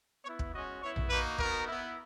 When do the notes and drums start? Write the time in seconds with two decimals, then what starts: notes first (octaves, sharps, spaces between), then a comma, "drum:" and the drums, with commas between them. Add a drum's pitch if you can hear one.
0.25 B3 E4 C#5
0.39 drum: kick
0.53 G#3 C#4 F#4 D#5
0.82 B3 E4 C#5
0.96 drum: tom A#1
1.10 A#3 D#4 F#4 B4
1.38 B3 D#4 F#4 A#4, drum: kick
1.68 B3 E4